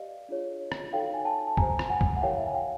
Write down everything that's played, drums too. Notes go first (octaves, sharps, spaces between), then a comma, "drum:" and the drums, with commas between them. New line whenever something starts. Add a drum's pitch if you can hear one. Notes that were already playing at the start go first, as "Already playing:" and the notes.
Already playing: G4 B4 D5 D#5 F5
D4 F4 G#4 C#5
drum: rim click
D#4 F#4 A4 C#5 F5 G5
G#5
G5 A5
A5
G4 C5 G#5 A#5, drum: kick C2
drum: rim click
F#5 G#5
drum: kick C2
F#5
E4 G4 A#4 C#5 F5 G5
E5 F#5
G#5
F5 G5